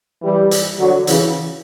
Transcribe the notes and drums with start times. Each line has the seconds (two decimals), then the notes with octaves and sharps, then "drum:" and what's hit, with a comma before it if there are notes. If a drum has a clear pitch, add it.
0.22 E3 G3
0.51 drum: hi-hat
0.79 D3 F#3
1.07 C#3 E3, drum: hi-hat